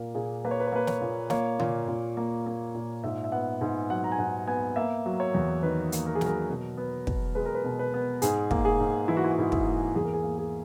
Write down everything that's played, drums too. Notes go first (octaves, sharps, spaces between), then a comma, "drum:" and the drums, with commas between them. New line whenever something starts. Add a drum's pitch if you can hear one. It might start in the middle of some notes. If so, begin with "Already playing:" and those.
Already playing: A#2 A#3 A#4
A#2 G#4
A#3 B4
C#5
B4
C#5
A#3 B4
C#5, drum: snare
A#2
A#3 C#5, drum: snare
A#2, drum: tom D3
A#2
A#3
A#3
A#2
G#2 E5
E5
B3 F#5
G#2 G#5
F#3 F#5
A#5
G#5
G#2 F#5
B3 G#5
A#3 E5
F#3
C#5
E2
D#3 B4
A#3, drum: hi-hat
A#4
G#4
F#3, drum: snare
A#4
B2 A#4
B3
B2, drum: kick
G#3 B4
A#4
B4
B2
B4
B3
G#2 G#4, drum: hi-hat
A#3, drum: kick
G#4
G#2
E3 E4
F#4
E4
F#4
G#2 E4
E4, drum: kick
A#3
E2 G#4
A#4
G#4
A#3
G#4